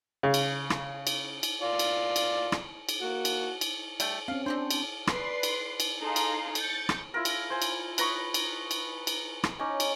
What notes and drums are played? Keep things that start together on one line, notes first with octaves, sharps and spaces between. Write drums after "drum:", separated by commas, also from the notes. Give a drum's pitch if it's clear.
C#3
drum: cymbal
drum: rim click
drum: cymbal
drum: cymbal
F4 D5
drum: cymbal
drum: cymbal
drum: rim click
drum: cymbal
A#3 F#4
drum: cymbal
drum: cymbal
G3 A3 G5, drum: cymbal
C4 C#4 F5
C4 D4 G4 C5
drum: cymbal
B4 D5 C6 C7, drum: rim click
drum: cymbal
drum: cymbal
D#4 G#4 A4 F5 A#5 C6
drum: cymbal
G6 A6 C#7, drum: cymbal
drum: rim click
E4 F4 A#4
drum: cymbal
C5 G#5
drum: cymbal
B4 A#5 C#6 D#6, drum: cymbal
drum: cymbal
drum: cymbal
drum: cymbal
drum: rim click
C#4 D#4 D6
drum: cymbal